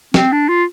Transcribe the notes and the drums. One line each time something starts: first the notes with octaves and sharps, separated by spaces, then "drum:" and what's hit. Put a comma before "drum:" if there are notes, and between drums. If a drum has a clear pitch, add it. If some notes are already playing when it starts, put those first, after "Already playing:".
C4, drum: snare
D4
F4